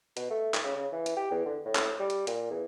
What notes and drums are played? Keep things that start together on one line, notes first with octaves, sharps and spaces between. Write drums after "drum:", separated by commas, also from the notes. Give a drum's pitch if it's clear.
B2, drum: hi-hat
A3
drum: clap
C#3
C#3
E3
drum: hi-hat
G4
E2
D3
A2
drum: clap
G3
drum: hi-hat
A#2, drum: hi-hat
E2